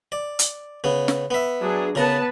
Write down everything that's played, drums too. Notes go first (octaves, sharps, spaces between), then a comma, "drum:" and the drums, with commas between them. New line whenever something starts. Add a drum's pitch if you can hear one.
D5
drum: hi-hat
C#3 B3
drum: snare
B3 E5
F#3 D4 G#4
C#3 B3 A#4 B4 A5